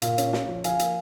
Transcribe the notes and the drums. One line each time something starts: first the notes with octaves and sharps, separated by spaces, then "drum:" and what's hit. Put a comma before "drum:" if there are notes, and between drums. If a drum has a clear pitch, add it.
A#2 F5, drum: hi-hat
C#4, drum: hi-hat
C#4, drum: snare
F3
F3 F5 G#5, drum: hi-hat
A#3, drum: hi-hat